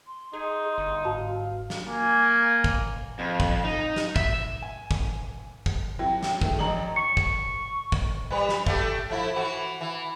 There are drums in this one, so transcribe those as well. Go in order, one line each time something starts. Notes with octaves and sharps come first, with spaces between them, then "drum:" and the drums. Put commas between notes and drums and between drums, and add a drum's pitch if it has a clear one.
C6
D#4 G#4
G1
G#2 F#4 F5 A5
drum: snare
A#3 G#5
drum: kick
F2
drum: kick
D#4
drum: snare
E5, drum: kick
G#5
drum: kick
drum: kick
C3 E3 F#3 G5
drum: snare
D#3 G#3 A3, drum: kick
A1 F3 D4 D#5 A5 A#5 F#7
C#6 C#7
drum: kick
drum: kick
G3 B4
drum: snare
A3 D4 G4, drum: kick
F3 A3 E4
E3 F#4
E3